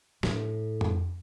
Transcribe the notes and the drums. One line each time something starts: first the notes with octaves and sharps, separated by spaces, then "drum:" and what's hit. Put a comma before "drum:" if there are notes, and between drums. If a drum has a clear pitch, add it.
A2, drum: snare
drum: tom F2